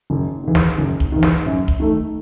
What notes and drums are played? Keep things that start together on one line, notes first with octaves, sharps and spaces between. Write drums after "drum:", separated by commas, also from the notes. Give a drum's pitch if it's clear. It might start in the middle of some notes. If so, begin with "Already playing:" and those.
F#1
E2 D#3
drum: snare
F#1
drum: kick
E2 D#3
drum: snare
F#2
drum: kick
D#3 A3